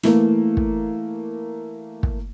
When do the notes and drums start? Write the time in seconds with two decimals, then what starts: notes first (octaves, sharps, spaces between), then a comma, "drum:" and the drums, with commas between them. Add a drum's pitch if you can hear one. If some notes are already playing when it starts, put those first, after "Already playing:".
0.03 E3 A3 A#3, drum: snare
0.57 drum: kick
2.03 drum: kick